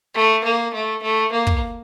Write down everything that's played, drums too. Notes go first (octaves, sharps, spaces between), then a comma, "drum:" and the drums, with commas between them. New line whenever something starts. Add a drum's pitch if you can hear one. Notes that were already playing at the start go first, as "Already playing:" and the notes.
A3
A#3
A3
A3
A#3
drum: kick